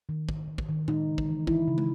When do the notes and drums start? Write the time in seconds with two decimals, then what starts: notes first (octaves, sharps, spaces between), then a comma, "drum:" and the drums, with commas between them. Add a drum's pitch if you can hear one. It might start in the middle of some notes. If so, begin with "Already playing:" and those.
0.09 D#3
0.29 D#3, drum: kick
0.48 D#3
0.58 drum: kick
0.69 D#3
0.88 G#3 D#4, drum: tom A2
1.08 C#3
1.18 drum: kick
1.29 E3
1.47 E3 E4, drum: kick
1.68 C#3
1.78 drum: tom